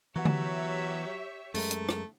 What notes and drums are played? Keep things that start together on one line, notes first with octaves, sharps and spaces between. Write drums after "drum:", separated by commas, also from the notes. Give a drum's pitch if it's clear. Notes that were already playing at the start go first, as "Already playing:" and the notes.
E3 F#3 B3 G4 C#5 E5 F#5
drum: tom D3
F#2 G#3 A3 A#4, drum: open hi-hat
drum: hi-hat
drum: rim click